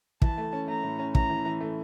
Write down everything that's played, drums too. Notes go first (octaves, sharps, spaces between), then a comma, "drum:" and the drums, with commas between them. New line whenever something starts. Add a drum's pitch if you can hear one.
E3 A5, drum: kick
A3
C#4
A3 A#5
A2
C#4
E3 A#5, drum: kick
E3
E3
A3